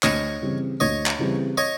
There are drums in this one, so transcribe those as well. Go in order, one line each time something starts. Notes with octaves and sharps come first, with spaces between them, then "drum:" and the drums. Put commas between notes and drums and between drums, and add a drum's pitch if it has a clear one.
D2 C#5 D#5, drum: clap
C#3 E3 G3 C4
D2 C#5 D#5
drum: clap
C#3 E3 G3 C4
C#5 D#5